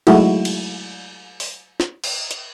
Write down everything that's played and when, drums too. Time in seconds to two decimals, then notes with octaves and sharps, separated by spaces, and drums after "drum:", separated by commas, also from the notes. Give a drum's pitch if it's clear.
0.07 F#3 G#3 A3 D#4 E4 F#4, drum: cymbal
0.45 drum: cymbal
1.40 drum: open hi-hat
1.80 drum: snare
2.04 drum: cymbal
2.31 drum: hi-hat